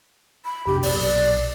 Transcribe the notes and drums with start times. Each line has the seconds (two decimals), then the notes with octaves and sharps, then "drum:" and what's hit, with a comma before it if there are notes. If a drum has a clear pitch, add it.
0.45 B5
0.67 F2 C3 D4 G4
0.83 B1 A#2 D5, drum: open hi-hat
1.01 D5